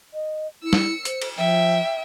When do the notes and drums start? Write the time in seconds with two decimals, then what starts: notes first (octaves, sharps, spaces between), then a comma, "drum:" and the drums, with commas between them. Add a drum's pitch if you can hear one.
0.14 D#5
0.63 E4 E6 C#7
0.73 drum: snare G3
1.05 C5, drum: hi-hat
1.22 drum: cymbal
1.37 F3 E5 G5